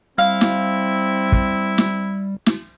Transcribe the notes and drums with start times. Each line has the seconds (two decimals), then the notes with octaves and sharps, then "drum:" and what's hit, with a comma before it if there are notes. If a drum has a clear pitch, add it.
0.18 G3 C4 E4 F5
0.41 drum: snare
1.32 drum: kick
1.78 drum: snare
2.46 drum: snare